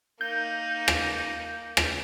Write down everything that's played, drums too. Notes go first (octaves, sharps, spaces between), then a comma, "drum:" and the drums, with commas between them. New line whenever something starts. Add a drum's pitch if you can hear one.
A#3 D#4 G6
drum: rim click
drum: rim click